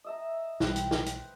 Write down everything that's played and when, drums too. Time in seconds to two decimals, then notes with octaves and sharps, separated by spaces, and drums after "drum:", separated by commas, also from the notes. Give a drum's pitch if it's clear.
0.04 D#5 E5 A#5
0.60 B1 E3 G3 B4 C5 G5, drum: snare
0.76 drum: hi-hat
0.91 drum: snare
1.06 drum: hi-hat